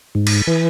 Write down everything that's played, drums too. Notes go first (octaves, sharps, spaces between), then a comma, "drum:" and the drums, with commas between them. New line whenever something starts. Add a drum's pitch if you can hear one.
G#2
drum: cymbal
E3